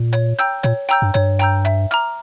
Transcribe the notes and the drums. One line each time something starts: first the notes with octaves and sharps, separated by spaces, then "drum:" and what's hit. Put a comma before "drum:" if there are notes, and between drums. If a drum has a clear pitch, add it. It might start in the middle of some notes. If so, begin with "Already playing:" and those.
Already playing: A#2
C#5, drum: hi-hat
G5 A#5 E6 G6, drum: hi-hat
A#2 C#5, drum: hi-hat
G5 A#5 E6 G6, drum: hi-hat
G2
G2 C#5, drum: hi-hat
G5 A#5 E6 G6, drum: hi-hat
E5, drum: hi-hat
A#5 D6 F6, drum: hi-hat